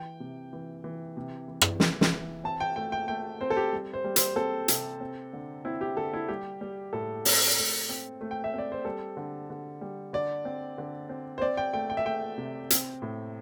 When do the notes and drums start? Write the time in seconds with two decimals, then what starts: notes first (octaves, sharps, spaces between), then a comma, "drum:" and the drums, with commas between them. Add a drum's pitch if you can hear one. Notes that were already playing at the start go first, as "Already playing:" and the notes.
Already playing: E3 G5
0.20 C3
0.53 E3
0.84 E3
1.17 C3
1.48 E3
1.61 drum: rim click
1.80 E3, drum: snare
2.01 drum: snare
2.12 E3
2.44 C4 A5
2.60 G5
2.76 A3 G5
2.92 G5
3.08 A3 G5
3.41 C4 C5
3.50 A4
3.57 G4
3.73 G3
3.93 C5
4.04 G3
4.16 C5, drum: hi-hat
4.36 C4 A4
4.68 C3, drum: hi-hat
5.00 C4
5.33 D3
5.65 C4 E4
5.81 G4
5.96 D3 A4
6.14 E4
6.28 G3 G4
6.61 G3
6.93 A2 A4
7.25 C4, drum: open hi-hat
7.57 A3
7.89 C4
8.21 A3
8.31 G5
8.44 E5
8.54 C4 D5
8.72 C5
8.85 G3 A4
9.17 D3
9.50 D3
9.81 G3
10.13 D3 D5
10.45 C4
10.78 D3
11.09 C4
11.38 C5
11.41 C4 D5
11.57 G5
11.73 A3 G5
11.90 G5
11.97 E5
12.06 A3 G5
12.38 C3
12.70 C4, drum: hi-hat
13.02 A2